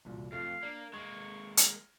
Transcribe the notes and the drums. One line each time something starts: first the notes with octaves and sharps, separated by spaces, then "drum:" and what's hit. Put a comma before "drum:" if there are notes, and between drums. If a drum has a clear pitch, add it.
E1 C2 A#2
F2 A3 F4 F5
A#3 D4
G#3 A#3 C#6 G#6
F6 A#6, drum: hi-hat